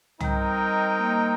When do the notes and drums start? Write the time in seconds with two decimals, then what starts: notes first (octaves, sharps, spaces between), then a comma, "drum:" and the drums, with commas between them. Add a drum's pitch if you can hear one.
0.20 G3 C4 D#4 A#4 D#5 G5, drum: tom
0.99 A#3